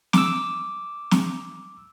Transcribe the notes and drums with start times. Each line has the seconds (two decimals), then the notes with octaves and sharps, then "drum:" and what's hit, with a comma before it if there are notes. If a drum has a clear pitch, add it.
0.13 D6 E6, drum: snare
1.11 drum: snare